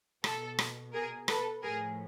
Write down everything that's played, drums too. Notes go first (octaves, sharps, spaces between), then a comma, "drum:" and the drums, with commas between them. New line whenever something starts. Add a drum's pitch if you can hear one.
B2 A4, drum: rim click
drum: rim click
G#4 A#4
A4 B4, drum: rim click
A2 F3 G#4 A#4